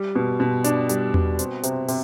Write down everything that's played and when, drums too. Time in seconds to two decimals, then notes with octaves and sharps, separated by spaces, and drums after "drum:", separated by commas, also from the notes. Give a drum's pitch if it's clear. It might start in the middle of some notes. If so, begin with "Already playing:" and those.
Already playing: G3
0.15 B2
0.40 B2
0.64 D4, drum: hi-hat
0.89 G3, drum: hi-hat
1.14 B2, drum: tom E2
1.39 C4, drum: hi-hat
1.63 C3, drum: hi-hat
1.88 C3, drum: open hi-hat